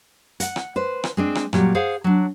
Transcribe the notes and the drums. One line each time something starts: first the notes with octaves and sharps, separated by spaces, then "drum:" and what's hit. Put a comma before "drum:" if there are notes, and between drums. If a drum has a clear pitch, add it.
F#5, drum: hi-hat
drum: rim click
B4 C5
drum: rim click
G#3 C4 D4
drum: rim click
A#2 F#3 G3, drum: rim click
G#4 C5 F5 F#5
F#3 D4